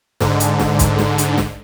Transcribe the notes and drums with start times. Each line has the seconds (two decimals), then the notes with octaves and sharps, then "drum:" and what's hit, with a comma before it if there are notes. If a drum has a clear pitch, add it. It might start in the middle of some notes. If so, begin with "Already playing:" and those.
0.20 G#2 D3, drum: snare
0.40 drum: hi-hat
0.60 drum: snare
0.79 drum: kick B1, hi-hat
0.99 drum: snare
1.18 drum: hi-hat
1.38 drum: snare